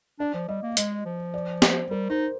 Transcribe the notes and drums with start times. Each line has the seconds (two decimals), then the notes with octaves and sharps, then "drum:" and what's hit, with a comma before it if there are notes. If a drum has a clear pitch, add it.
0.20 D4 D5
0.34 F3
0.48 G3 D#5
0.63 A#3
0.77 G#3 D#5, drum: hi-hat
1.06 F3
1.34 D5
1.62 C5, drum: snare
1.90 G3 A#4
2.10 D#4 C5